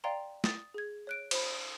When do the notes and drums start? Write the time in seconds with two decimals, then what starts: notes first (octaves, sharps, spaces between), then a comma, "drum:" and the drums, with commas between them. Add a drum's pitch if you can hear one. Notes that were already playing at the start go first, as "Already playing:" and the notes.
0.04 D5 F5 G5 A#5 C6
0.44 D#6 A6, drum: snare
0.74 G#4 G#6
1.07 C#5 F#6 D7
1.31 C5 B5, drum: cymbal